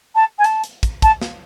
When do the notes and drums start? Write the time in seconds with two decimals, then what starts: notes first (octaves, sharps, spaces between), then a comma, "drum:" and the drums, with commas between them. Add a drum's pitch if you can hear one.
0.15 A5
0.38 G#5
0.44 A5, drum: hi-hat
0.64 drum: hi-hat
0.83 drum: kick, hi-hat
1.02 A5, drum: kick, hi-hat
1.22 drum: snare